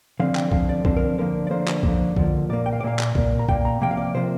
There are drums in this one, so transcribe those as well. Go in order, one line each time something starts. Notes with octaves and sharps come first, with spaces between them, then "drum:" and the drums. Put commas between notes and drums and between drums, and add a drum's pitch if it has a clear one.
D3 F3 C4 F5
G5, drum: clap
D3 F3 C4 F5, drum: kick B1
D5
D3 F3 C4 C5, drum: kick B1
A#4
D3 F3 A#3 A#4
D5
D3 F3 A#3 C5
drum: clap
D3 F3 A#3, drum: kick B1
D3 F3 A#3, drum: kick B1
A#2 A#3 D5
G5
F5
D5
A#2 A#3 F5
drum: clap
A#2 A#3, drum: kick B1
A#5
A#2 A#3 G5, drum: kick B1
A#5
C3 F3 A#3 G5
F5
D5
C3 F3 A#3 C5